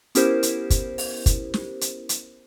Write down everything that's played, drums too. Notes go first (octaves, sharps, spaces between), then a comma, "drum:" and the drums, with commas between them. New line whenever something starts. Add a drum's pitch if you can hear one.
B3 C#4 E4 G4 A#4 C5, drum: hi-hat
drum: hi-hat
drum: kick, hi-hat
drum: open hi-hat
drum: kick, hi-hat
drum: snare
drum: hi-hat
drum: hi-hat